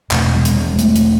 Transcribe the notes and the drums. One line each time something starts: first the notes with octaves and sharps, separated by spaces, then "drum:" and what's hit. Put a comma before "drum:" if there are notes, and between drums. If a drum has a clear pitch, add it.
E2 B2 A3, drum: clap
G#3
drum: hi-hat
G#3
A3, drum: hi-hat
drum: hi-hat